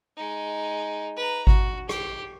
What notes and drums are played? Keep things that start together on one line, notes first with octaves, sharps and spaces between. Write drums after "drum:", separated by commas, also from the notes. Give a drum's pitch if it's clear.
G#3 D#4
B4 A#5
F#4, drum: kick G#1
G4, drum: rim click